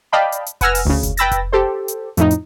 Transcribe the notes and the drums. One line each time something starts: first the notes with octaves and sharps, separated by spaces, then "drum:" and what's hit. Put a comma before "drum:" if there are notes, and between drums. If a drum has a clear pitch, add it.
D5 D#5 F5 G5 A5 B5
drum: hi-hat
drum: hi-hat
B4 F#5 G#5 E6 F6 A#6, drum: kick F1, hi-hat
drum: open hi-hat
D2 C#3
drum: kick F1, hi-hat
B4 G5 B5 E6 A6 A#6, drum: hi-hat
drum: kick F1, hi-hat
G4 A4 C5
drum: hi-hat
F2 A2 D#4, drum: hi-hat
drum: hi-hat